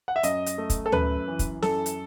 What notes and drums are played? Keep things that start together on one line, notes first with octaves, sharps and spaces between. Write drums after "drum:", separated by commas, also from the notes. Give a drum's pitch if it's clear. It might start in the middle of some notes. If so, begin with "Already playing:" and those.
F#5
E5
F#2 D#5, drum: hi-hat
drum: hi-hat
A3
drum: kick, hi-hat
A4
F#2 B4, drum: tom D2
E3
drum: kick, hi-hat
F#2 A4, drum: snare
drum: hi-hat